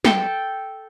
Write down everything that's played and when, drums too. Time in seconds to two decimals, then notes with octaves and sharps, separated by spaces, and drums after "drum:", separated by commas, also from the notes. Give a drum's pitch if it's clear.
0.05 A4 G5 A5, drum: snare